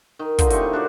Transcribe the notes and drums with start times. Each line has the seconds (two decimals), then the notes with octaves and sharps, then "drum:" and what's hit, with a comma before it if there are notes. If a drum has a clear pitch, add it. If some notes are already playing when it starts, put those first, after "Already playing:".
0.19 D#3
0.39 D3 D#4 F4, drum: kick, hi-hat
0.50 A2 C3 C4 C#6, drum: hi-hat
0.73 D4 F#4 A#4